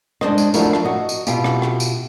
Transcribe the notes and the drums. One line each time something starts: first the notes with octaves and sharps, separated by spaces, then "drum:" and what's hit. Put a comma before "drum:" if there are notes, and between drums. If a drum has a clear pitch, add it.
G#3 D4 C5 D#5, drum: rim click
drum: tambourine
F3 A3 D4 E4 F#4 A#4, drum: tambourine
drum: rim click
F#4 D#5
drum: tambourine
B2 E4 F4 G4, drum: tambourine
drum: rim click
drum: rim click
drum: tambourine